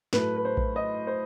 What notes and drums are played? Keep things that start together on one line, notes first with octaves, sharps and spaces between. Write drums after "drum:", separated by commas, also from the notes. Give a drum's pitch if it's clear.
A2 F#3 A3 B4, drum: snare
B4
C5
drum: kick A#1
D#5
C5